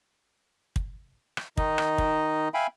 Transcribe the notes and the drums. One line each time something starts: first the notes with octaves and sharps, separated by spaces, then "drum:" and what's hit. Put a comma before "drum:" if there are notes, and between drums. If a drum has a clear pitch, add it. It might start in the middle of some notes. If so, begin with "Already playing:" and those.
drum: kick
drum: rim click
D#3 D#4 D#5, drum: kick
drum: rim click
drum: kick
E5 F5 G5 G#5 B5